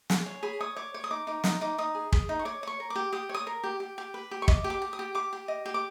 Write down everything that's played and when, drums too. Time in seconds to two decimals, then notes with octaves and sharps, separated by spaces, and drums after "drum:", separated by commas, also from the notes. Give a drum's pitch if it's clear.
0.10 G#4, drum: snare
0.26 C#5
0.43 G#4 B5
0.60 C#5 D#6
0.77 C#5 D6
0.94 C#5 D6
1.04 D#6
1.10 D#4 D6
1.27 D#4 D6
1.44 D#4 D#6, drum: snare
1.61 D#4 D6
1.78 D#4 D#6
1.95 G#4
2.12 G#4, drum: kick
2.29 D#4
2.39 C#6
2.45 C#5 D6
2.63 C#5 C#6
2.80 A#4
2.90 D6
2.96 G4
3.13 G4 D#6
3.29 C#5
3.34 D#6
3.47 A#4
3.64 G4
3.80 G4
3.98 G4
4.14 B4
4.31 G4
4.42 C#6
4.48 D#5 D6, drum: kick
4.64 G4
4.70 D6
4.82 G4
4.93 D#6
4.99 G4
5.15 G4 D6
5.33 G4
5.48 D#5
5.66 G4
5.74 D6